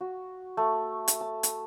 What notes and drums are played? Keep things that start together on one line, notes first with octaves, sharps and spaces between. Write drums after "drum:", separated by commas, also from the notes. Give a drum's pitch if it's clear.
F#4
A3
drum: hi-hat
A5
drum: hi-hat